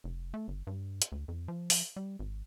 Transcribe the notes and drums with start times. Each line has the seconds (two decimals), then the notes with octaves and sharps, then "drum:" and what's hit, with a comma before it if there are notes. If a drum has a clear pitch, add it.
0.04 F1
0.34 A3
0.48 G1
0.67 G2
1.02 drum: hi-hat
1.12 D2
1.28 F2
1.48 F3
1.70 drum: open hi-hat
1.96 G3
2.19 G#1